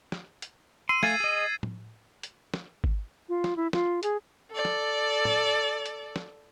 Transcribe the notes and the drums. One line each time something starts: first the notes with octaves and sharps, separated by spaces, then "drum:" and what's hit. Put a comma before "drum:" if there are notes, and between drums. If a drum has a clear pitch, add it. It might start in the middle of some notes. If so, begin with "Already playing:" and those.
drum: snare
drum: hi-hat
C6 E6 D#7
A3 F5 G#5 G#6 A6 C7, drum: snare
G#4 D#5
drum: tom A2
drum: hi-hat
drum: snare
drum: kick G#1
F4
drum: snare
E4
F4, drum: snare
G#4, drum: hi-hat
A4 D5
drum: snare
drum: tom A2
drum: hi-hat
drum: snare